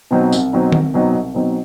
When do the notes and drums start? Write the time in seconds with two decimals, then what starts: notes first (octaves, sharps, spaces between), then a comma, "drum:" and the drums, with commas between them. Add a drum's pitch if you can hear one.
0.11 B2 F#3 C4 D#4
0.33 C2, drum: tambourine
0.53 B2 F#3 C4 D#4
0.72 C2, drum: tom D#3
0.94 B2 F#3 C4 D#4
1.14 C2
1.34 B2 F#3 C4 D#4